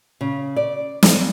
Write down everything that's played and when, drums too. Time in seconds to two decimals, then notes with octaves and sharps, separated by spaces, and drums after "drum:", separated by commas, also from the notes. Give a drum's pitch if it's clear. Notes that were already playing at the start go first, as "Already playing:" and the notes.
0.21 C#3
0.56 D5
1.03 drum: snare